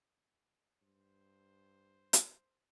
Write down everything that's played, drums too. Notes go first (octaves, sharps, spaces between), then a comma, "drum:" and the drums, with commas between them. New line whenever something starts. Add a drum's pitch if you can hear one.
G2 C5
drum: hi-hat